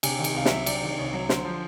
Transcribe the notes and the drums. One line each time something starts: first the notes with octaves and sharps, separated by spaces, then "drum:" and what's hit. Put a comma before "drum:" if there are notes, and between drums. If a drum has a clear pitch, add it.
C3 G#5, drum: cymbal
D#3
G#5, drum: cymbal
C2 F5
E5, drum: snare
F#3
C3 D5, drum: cymbal
D#3
C2 C#5
F#3
D3 C5, drum: snare
F3